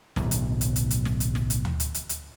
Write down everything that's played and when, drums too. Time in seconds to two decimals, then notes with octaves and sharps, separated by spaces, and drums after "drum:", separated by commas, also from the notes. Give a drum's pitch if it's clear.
0.16 D1 B1, drum: snare
0.31 drum: hi-hat
0.61 drum: hi-hat
0.76 drum: hi-hat
0.91 drum: hi-hat
1.05 drum: snare
1.20 drum: hi-hat
1.35 drum: snare
1.50 drum: hi-hat
1.65 drum: tom D2
1.80 drum: hi-hat
1.94 drum: hi-hat
2.09 drum: hi-hat